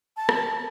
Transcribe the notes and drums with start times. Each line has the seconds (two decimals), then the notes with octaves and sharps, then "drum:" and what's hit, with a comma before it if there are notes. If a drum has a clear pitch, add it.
0.17 A5
0.29 drum: rim click